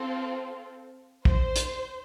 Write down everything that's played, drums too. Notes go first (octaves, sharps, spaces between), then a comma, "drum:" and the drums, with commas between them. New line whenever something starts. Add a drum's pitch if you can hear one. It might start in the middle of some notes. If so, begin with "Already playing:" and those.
Already playing: C4 F4 A4
C5, drum: kick
drum: hi-hat